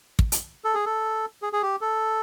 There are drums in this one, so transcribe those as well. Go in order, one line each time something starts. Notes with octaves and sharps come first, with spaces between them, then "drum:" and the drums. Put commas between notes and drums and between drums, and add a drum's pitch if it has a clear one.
drum: kick
drum: hi-hat
A4
G#4
A4
G#4
G#4
G4
A4